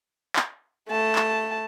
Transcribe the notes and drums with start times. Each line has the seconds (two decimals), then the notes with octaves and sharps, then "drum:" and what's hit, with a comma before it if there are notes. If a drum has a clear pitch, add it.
0.36 drum: clap
0.89 A3 A5
1.16 drum: clap